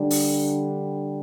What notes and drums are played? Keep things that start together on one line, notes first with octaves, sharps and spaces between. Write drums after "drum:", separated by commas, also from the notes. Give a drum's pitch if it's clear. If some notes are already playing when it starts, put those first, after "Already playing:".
Already playing: D3 G3 D4
drum: open hi-hat